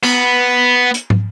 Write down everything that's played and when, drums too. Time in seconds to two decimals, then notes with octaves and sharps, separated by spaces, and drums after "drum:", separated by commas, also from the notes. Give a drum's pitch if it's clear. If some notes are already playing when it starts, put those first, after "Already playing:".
0.03 B3, drum: cymbal
0.94 drum: hi-hat
1.10 drum: tom